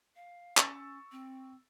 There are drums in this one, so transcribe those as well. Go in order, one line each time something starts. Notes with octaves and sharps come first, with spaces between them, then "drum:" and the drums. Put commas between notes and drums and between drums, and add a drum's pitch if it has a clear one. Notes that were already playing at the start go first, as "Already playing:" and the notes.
F5
C#4 C#6 E6 A6, drum: clap
C4